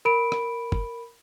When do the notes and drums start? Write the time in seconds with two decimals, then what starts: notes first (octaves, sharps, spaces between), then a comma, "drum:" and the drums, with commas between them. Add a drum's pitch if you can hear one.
0.05 A#4 B5 D7
0.32 drum: rim click
0.72 drum: kick